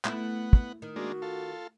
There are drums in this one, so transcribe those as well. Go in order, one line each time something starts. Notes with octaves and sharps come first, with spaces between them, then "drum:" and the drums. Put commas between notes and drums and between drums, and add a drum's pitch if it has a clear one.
A3 B3 E4 F#5, drum: clap
drum: kick
D#3
G#3 A#3 D4 F#4
F4 A4